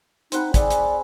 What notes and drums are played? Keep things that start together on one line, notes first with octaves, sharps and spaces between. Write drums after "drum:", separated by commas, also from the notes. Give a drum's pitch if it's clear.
C4 D#4 F#5 B5, drum: hi-hat
G#4 D5 E5, drum: kick, hi-hat
drum: hi-hat